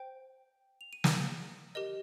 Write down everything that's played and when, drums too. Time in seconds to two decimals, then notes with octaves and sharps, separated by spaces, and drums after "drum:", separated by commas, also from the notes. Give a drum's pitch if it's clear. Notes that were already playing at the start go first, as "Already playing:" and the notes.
Already playing: C5 G5
0.81 F7
0.93 D#7
1.04 D#7, drum: snare
1.16 D#7
1.75 G4 A#4 D#5